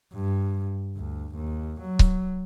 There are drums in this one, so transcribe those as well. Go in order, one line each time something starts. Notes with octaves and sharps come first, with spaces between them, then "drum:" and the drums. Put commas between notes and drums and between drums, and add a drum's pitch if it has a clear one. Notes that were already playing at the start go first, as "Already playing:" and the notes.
G2
D2
D#2
F#3
drum: kick C#1